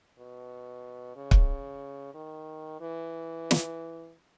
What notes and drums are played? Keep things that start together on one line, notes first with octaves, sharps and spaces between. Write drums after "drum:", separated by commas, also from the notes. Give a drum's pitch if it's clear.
B2
C#3
drum: kick
D#3
E3
drum: snare